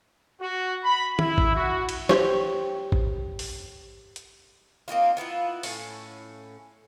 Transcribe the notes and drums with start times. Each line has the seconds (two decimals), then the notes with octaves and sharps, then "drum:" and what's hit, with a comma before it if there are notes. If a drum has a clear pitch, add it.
0.41 F#4
0.84 B5
1.19 E4, drum: tom
1.38 drum: kick A1
1.55 F#4
1.89 drum: cymbal
2.09 G4 C5 C#5, drum: snare
2.92 drum: kick A1
3.39 drum: open hi-hat
4.16 drum: hi-hat
4.88 A#3 C4 D#4 F4
5.17 B3 E4 F4 B4
5.63 A2 C#4, drum: open hi-hat